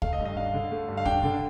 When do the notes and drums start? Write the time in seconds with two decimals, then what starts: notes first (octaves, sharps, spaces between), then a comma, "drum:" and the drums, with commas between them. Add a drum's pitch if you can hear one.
0.02 A3 F5, drum: kick
0.13 D#5
0.20 G2
0.25 D#5
0.37 D4 F5
0.54 D3
0.71 A3
0.88 G2
0.97 F5
1.05 D4 G5, drum: kick
1.23 D3